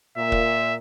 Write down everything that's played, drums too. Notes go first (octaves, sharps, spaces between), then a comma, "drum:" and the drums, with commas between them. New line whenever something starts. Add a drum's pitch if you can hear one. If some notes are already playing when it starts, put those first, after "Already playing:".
A#2 E5
drum: kick